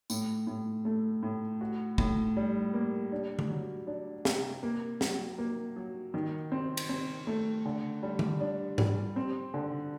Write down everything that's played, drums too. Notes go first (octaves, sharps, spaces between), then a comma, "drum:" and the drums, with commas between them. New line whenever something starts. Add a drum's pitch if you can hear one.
A2, drum: tambourine
A2
A3
A2
F#4
A2, drum: kick
G3
A#3
D4
drum: tom D3
F#3
D4
C3, drum: snare
A#3
F#3, drum: snare
A#3
F#3
D#3
C4
drum: cymbal
C4
A3
D3
G3
drum: tom D3
D4
G3, drum: tom G#2
C4
D3